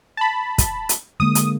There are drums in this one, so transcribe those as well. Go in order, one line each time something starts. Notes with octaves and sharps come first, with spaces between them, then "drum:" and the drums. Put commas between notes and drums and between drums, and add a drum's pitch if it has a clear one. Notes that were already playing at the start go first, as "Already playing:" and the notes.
A5 B5
drum: kick, hi-hat
drum: hi-hat
D3 G#3 A#3 D#6
drum: hi-hat